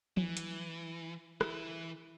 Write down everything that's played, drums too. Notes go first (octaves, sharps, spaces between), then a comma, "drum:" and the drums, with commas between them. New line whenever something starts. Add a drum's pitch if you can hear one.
E3, drum: tom F3
drum: hi-hat
E3 E4, drum: rim click